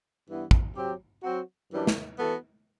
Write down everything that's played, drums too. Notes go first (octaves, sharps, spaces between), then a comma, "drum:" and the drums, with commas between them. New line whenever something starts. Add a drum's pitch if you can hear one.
G2 E3 B3 E4
drum: kick
F#3 C4 G4
F#3 C4 F#4
F#2 E3 G3 D4
drum: snare
E3 B3 F#4 A4